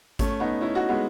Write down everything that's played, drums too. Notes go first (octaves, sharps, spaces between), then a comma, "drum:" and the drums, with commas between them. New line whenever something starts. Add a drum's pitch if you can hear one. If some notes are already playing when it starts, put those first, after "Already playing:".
A3 C#4, drum: kick G#1, hi-hat
B3 D#4
C#4 E4
D#4 F#4
G#3 B3